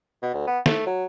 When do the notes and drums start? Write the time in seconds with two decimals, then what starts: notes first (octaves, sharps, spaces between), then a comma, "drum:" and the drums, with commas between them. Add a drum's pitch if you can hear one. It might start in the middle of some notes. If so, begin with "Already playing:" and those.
0.22 B2
0.34 D2
0.47 B3
0.66 A3, drum: snare
0.86 F#3